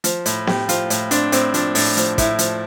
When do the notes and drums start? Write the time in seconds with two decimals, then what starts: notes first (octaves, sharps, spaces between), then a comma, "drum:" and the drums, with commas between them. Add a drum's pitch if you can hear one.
0.04 F3, drum: hi-hat
0.26 A2, drum: hi-hat
0.47 A2 G4, drum: snare B3
0.69 F3 F4, drum: hi-hat
0.90 A2, drum: hi-hat
1.11 C4 D4, drum: hi-hat
1.32 A2 C4, drum: hi-hat
1.54 F3 D4, drum: hi-hat
1.75 A2 D4, drum: open hi-hat
1.97 F3, drum: hi-hat
2.18 A2 E4, drum: kick, hi-hat
2.39 F3, drum: hi-hat